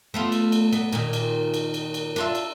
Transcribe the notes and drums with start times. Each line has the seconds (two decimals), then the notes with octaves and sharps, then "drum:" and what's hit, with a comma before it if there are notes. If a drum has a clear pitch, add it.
0.14 A3 B3 F4
0.32 drum: cymbal
0.52 drum: cymbal
0.73 B3, drum: cymbal
0.93 A#2 D#3, drum: cymbal
1.13 drum: cymbal
1.54 drum: cymbal
1.74 drum: cymbal
1.94 drum: cymbal
2.16 D4 F4 E5, drum: cymbal
2.35 drum: cymbal